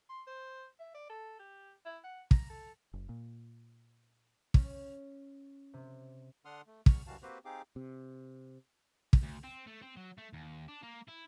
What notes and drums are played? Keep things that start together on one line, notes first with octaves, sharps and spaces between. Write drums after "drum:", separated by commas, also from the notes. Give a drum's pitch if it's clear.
C6
C5
E5
D5
A4
G4
E4
F#5
A#5, drum: kick
A4
F#1
A#2
C#4, drum: kick
C3
D3 D4 F#5 C6 D#6 F6
A3
E2 C#6 F6, drum: kick
F#2 E3 G3 F#4 F5 A5
A#3 C4 F#4 G4 B4 C5
C4 D#4 G4 G#4 F5 D6
C3
drum: kick
D2
C4
A3
C4
F#3
A3
D#2
D4
A#3
E4